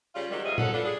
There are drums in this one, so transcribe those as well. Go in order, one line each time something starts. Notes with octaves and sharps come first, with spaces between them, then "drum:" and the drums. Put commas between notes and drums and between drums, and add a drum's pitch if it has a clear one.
C#3 G3 C#4 F4
C3 D#3 F#3 G3
F2 G#2 F4 D#5 E5
F#2 C#4 A4 F#5, drum: tom A#2
F3 B3 D4 F4 A4
G3 D4 G#4